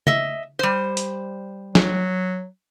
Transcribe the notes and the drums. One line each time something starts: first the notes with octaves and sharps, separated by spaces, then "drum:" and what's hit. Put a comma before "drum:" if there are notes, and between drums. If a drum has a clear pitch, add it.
D#5 E5, drum: tom C#3
G3 C5
drum: hi-hat
F#3, drum: snare